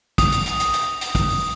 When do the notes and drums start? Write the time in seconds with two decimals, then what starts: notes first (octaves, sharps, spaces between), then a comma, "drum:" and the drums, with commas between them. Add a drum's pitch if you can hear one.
0.18 D#6, drum: kick, hi-hat
0.32 drum: hi-hat
0.46 drum: hi-hat
0.60 drum: hi-hat
0.73 drum: hi-hat
1.01 drum: hi-hat
1.15 drum: kick, hi-hat
1.29 drum: open hi-hat